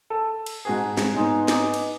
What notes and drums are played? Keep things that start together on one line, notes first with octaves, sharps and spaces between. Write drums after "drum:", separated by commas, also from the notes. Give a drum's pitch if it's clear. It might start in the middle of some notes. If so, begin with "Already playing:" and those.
A4 A5
drum: cymbal
G#2 F#4 G#4
G#3, drum: snare
B3 D#4 G#5 C6 D#6
G#5 D6 D#6, drum: snare
drum: cymbal